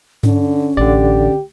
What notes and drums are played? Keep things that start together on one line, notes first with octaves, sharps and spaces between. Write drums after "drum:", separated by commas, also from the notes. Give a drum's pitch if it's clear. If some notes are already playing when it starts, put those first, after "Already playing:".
D3 C#4, drum: tom G2
A1 D3 G4 D5